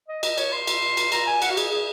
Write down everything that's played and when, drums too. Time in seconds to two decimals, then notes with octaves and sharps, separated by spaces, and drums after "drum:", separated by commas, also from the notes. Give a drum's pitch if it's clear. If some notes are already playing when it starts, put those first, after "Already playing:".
0.08 D#5
0.23 D#5, drum: cymbal
0.38 C#5, drum: cymbal
0.53 C6
0.67 drum: cymbal
0.97 drum: cymbal
1.12 A#5, drum: cymbal
1.27 G#5
1.42 F#5, drum: cymbal
1.50 F#4
1.57 G#4, drum: cymbal
1.72 G#4